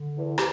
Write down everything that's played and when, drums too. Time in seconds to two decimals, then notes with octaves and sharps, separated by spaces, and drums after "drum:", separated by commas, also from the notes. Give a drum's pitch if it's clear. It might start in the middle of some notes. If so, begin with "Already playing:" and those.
Already playing: D3
0.16 E2
0.38 G4, drum: rim click